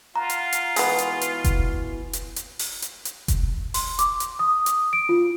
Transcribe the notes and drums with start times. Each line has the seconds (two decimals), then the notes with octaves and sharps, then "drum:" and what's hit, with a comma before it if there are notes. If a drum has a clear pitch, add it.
0.16 F4 F#5 A#5
0.30 drum: hi-hat
0.53 drum: hi-hat
0.76 B2 E3 G#3 B3 G#5, drum: open hi-hat
0.98 drum: hi-hat
1.21 drum: hi-hat
1.44 drum: kick F1, hi-hat
2.13 drum: hi-hat
2.36 drum: hi-hat
2.59 drum: open hi-hat
2.82 drum: hi-hat
3.05 drum: hi-hat
3.28 drum: kick F1, hi-hat
3.74 C6, drum: open hi-hat
3.99 D6, drum: hi-hat
4.20 drum: hi-hat
4.39 D#6
4.66 drum: hi-hat
4.93 D7
5.09 F4